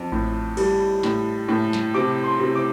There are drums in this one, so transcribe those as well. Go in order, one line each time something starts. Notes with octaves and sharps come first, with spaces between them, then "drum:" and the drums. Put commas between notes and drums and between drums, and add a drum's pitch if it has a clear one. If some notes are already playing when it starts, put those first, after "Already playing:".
Already playing: F2
A2, drum: kick A1
G3, drum: cymbal
A2, drum: snare
A2
drum: snare
C3 D6
C6
C3
D6